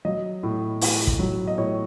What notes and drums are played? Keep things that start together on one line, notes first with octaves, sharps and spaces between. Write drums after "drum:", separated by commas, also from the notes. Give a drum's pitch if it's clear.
F#3 D#5
A2
A2, drum: open hi-hat
drum: kick
F#3
D#5
A2 C#5